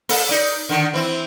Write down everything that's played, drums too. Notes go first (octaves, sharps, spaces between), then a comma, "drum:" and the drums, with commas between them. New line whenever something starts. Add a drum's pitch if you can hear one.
A#3 A4, drum: open hi-hat
D#4 D5
D3 D#3
E3 C4 E4